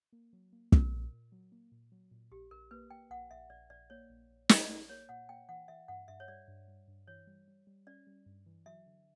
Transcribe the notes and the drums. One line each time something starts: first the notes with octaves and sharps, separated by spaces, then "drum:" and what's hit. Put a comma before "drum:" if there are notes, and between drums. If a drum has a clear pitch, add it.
A#3
F#3
A#3
A#3 A#4, drum: kick
A#2
A#2
F#3
A#3
A#2
F#3
A#2
A#1 G4
A#1 A#4
A#3 B4
A#3 G5
A#1 F#5
A#1 E5
A#1 D5
A#1 D5
A#3 C#5
A#1
A#1
A#1, drum: snare
A#1 D5
A#3 C#5
A#2 F#5
A#3 G5
E3 F#5
E3 E5
G2 F#5
G2 E5
C#5
G3 D5
G2
G3
G2
E3 C#5
G3
G3
G3
C#4 D5
G3
G2
E3
F#3 E5
D3